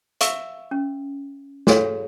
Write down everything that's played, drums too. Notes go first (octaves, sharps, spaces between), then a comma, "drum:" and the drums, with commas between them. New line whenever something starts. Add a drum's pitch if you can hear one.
E5 F5 C#6 E6, drum: hi-hat
C#4
F#4 G#4 A4 C#5 F5, drum: snare